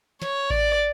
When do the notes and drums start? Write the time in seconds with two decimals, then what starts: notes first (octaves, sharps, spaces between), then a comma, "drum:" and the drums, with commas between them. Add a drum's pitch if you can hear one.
0.22 C#5, drum: snare
0.50 D5, drum: kick A1